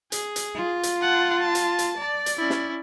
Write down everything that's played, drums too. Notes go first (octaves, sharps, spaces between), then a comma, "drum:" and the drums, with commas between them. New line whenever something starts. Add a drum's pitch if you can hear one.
G#4, drum: hi-hat
drum: hi-hat
F4
drum: hi-hat
F#5 A5
A5
drum: hi-hat
drum: hi-hat
D5
drum: hi-hat
C#4 E4
drum: snare